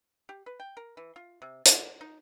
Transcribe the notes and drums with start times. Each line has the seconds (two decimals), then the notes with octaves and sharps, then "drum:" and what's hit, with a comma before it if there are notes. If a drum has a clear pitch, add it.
0.29 G4
0.46 B4
0.60 G5
0.77 A#4
0.97 E3
1.16 F4
1.42 C3
1.66 D5, drum: hi-hat
2.01 D#4